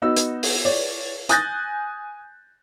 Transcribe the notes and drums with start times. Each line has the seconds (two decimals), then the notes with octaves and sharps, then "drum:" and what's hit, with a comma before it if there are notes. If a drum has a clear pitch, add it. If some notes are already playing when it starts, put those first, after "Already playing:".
0.02 B3 D#4 F#4 E6
0.17 drum: hi-hat
0.43 drum: open hi-hat
0.65 C#5 D5
1.29 G#5 D#6 F#6 G6 A6 A#6, drum: hi-hat